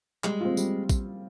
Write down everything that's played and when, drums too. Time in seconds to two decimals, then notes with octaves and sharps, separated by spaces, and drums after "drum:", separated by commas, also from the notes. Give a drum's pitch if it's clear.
0.24 G3 G#3, drum: clap
0.41 C4 F4
0.57 G3, drum: tambourine
0.90 drum: kick, tambourine